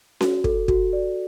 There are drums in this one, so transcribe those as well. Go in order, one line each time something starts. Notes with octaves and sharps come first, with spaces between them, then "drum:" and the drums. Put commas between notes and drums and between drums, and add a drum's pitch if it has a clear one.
F#4, drum: snare C#4
A4, drum: kick
F#4, drum: kick
D5